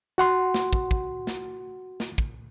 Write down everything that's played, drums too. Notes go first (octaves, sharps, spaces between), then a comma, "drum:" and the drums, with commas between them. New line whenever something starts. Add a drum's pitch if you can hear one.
F#4 F#5 C6
drum: snare
drum: kick
drum: kick
drum: snare
drum: snare
drum: kick